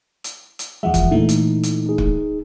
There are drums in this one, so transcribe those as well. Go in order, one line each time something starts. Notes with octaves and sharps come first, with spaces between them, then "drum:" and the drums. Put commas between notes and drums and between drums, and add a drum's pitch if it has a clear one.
drum: hi-hat
drum: hi-hat
E2 F3 G#3 E5 F#5
drum: kick, hi-hat
A#2 E3 A3 D#4
drum: hi-hat
drum: hi-hat
D#4 G#4
drum: kick